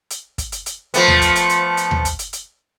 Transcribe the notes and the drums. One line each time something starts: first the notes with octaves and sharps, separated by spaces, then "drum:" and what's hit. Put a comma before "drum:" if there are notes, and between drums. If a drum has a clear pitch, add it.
drum: hi-hat
drum: kick, hi-hat
drum: hi-hat
drum: hi-hat
F3 A3 B3, drum: hi-hat
drum: tom D#2
drum: kick, hi-hat
drum: hi-hat
drum: hi-hat
drum: hi-hat
drum: tom D#2
drum: kick, hi-hat
drum: hi-hat
drum: hi-hat